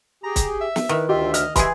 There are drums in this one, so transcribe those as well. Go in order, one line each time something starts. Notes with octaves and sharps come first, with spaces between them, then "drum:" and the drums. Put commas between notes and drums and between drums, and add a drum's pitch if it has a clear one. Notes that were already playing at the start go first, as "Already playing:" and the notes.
G4 G#4 A#5
drum: kick, hi-hat
E5
drum: snare
D#3 E4 B4
D2 F4 G4 D#5 E5
D#5 F6, drum: hi-hat
E3 G4 G#4 D#5 E5 G#5 C6, drum: kick, hi-hat